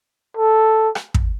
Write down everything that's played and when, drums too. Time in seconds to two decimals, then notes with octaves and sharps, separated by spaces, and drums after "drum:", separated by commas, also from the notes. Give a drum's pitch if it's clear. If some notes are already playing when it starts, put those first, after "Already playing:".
0.37 A4
0.95 drum: rim click
1.14 drum: kick